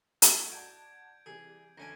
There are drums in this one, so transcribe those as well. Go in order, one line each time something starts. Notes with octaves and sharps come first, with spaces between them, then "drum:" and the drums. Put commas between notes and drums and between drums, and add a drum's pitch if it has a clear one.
A1 A2 E4 G#6, drum: hi-hat
F#4 D5 A5 G6 G#6 D7
C3 E3 G3 G#4
F1 D2 C#4 G#5 A#6 D7